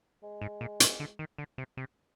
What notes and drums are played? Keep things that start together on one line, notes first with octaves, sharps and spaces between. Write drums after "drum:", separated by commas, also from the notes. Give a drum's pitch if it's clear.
G#3
G#2
A#2
A#2, drum: hi-hat
D3
D#3
D3
C3
C3